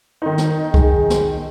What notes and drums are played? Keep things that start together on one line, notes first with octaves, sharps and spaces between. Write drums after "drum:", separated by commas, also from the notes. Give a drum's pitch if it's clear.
D#3 D#4
drum: snare
G#4, drum: kick C2
drum: snare